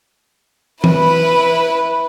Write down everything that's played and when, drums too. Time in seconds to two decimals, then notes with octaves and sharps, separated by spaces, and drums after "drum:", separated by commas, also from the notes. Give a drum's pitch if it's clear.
0.84 E4 B4, drum: tom E3